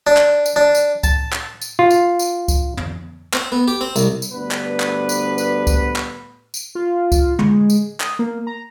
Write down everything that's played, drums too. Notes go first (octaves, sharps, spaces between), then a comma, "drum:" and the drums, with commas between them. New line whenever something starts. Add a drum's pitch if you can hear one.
D4
drum: clap
drum: tambourine
D4
drum: tambourine
A5, drum: kick C#2, tambourine
drum: clap
drum: tambourine
F4
drum: tambourine
drum: tambourine
drum: kick C#2, tambourine
drum: tom
C4, drum: clap
B3
G4
C4
C2, drum: tambourine
drum: tambourine
D2 G2 B3 D4 B4
drum: clap
drum: clap
drum: tambourine
drum: tambourine
drum: kick C#2, tambourine
drum: clap
drum: tambourine
F4
drum: kick C#2, tambourine
G#3, drum: tom
drum: tambourine
D#6, drum: clap
A#3
A#5